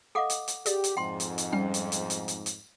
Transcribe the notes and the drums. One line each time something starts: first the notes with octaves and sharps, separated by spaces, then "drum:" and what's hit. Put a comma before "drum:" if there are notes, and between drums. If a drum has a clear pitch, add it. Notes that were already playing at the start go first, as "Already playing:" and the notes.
A4 D#5 F5 F#5 D6
drum: hi-hat
drum: hi-hat
G4 G#4 D5, drum: hi-hat
drum: hi-hat
F2 G#2 G5 C6
drum: hi-hat
drum: hi-hat
G3 C#4 G5
drum: hi-hat
drum: hi-hat
drum: hi-hat
drum: hi-hat
drum: hi-hat